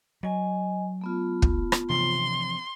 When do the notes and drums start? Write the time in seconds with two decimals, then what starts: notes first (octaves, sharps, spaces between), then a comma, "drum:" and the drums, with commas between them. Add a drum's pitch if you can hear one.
0.23 F#3 D#5 G#5
1.01 A3 B3 F4
1.42 drum: kick
1.72 drum: rim click
1.90 C3 E3 F3 C6